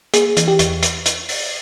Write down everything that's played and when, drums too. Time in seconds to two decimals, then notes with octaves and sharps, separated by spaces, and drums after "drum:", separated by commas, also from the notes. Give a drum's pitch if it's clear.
0.14 A#3 G#4, drum: hi-hat
0.37 E3, drum: hi-hat
0.48 G4
0.59 E2, drum: hi-hat
0.83 drum: hi-hat
1.06 drum: hi-hat
1.29 drum: open hi-hat